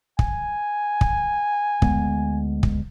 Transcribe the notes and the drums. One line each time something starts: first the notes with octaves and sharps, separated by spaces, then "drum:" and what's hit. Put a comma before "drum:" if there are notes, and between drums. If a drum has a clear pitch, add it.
G#5, drum: kick
drum: kick
D2 G#3 B3, drum: kick
drum: kick